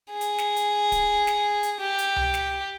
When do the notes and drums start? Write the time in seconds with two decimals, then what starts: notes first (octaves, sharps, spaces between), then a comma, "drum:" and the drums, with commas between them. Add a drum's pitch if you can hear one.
0.12 G#4
0.21 drum: hi-hat
0.39 drum: snare
0.56 drum: hi-hat
0.92 drum: kick D1, hi-hat
1.27 drum: snare
1.63 drum: hi-hat
1.81 G4
1.98 drum: hi-hat
2.16 drum: tom C2
2.34 drum: snare